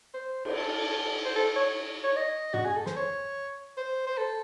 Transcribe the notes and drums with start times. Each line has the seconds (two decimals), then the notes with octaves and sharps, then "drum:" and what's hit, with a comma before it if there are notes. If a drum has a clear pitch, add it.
0.14 C5
0.45 C5, drum: cymbal
0.54 A4
1.25 C5
1.36 A4
1.56 C#5
2.04 C#5
2.16 D#5
2.54 F#4, drum: tom
2.65 G#4
2.75 A4
2.86 C5, drum: snare
2.96 C#5
3.77 C5
4.07 C5
4.18 A4